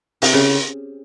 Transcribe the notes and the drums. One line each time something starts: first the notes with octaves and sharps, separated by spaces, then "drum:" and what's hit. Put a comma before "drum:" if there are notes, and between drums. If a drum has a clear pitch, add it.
C3, drum: open hi-hat
C#3